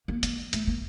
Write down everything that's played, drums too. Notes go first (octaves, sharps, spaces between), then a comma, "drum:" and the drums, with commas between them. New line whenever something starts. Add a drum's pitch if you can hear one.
A#3
A#3, drum: hi-hat
A3, drum: hi-hat
A#3